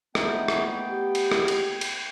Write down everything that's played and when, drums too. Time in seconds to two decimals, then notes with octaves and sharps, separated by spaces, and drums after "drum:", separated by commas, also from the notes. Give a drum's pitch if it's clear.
0.15 A3 B3 D#4 E5 G5, drum: rim click
0.48 drum: rim click
0.89 G4
1.15 drum: cymbal
1.32 drum: rim click
1.48 drum: cymbal
1.81 drum: cymbal